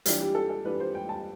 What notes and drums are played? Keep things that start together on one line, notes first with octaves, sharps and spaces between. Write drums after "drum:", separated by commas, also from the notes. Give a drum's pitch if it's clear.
E3 G3 D4 F4 G4, drum: hi-hat
G4
A4
A4
E3 G3 D4 F4 B4
C5
G5
A5